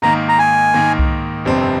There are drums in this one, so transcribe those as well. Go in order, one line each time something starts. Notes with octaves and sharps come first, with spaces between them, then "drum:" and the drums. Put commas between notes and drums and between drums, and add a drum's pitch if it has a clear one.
G#2 D#3 A#3 A#5
A#5
G#5
G#2 D#3 A#3
drum: kick C2
G1 F2 C3 G3 C4